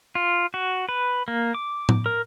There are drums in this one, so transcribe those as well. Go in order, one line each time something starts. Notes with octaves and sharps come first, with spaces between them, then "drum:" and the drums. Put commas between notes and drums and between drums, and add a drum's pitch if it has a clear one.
F4
F#4
B4
A#3
D6
drum: tom A2
A#4